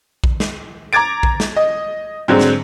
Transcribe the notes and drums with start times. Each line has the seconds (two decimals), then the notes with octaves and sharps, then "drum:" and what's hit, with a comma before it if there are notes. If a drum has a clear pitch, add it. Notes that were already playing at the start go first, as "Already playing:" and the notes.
0.24 drum: kick A#1
0.40 drum: snare
0.93 A#5 D6 G#6 A6 D7
1.23 drum: kick A#1
1.40 drum: snare
1.56 D#5
2.28 G#2 D3 F#3 C4
2.40 drum: snare